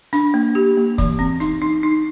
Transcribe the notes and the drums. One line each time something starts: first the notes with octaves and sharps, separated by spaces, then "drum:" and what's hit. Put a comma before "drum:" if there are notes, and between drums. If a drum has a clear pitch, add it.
D4, drum: hi-hat
A#3
G4
A#3
E3, drum: kick, hi-hat
C4
D#4, drum: hi-hat
D#4
D#4